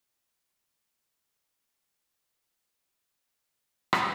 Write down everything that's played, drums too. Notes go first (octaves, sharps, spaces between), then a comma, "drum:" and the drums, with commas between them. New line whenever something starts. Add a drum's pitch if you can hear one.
E1 G2 E3 F3
B5 D6
C#4 D4 F4 G#4 A#4 C5
drum: rim click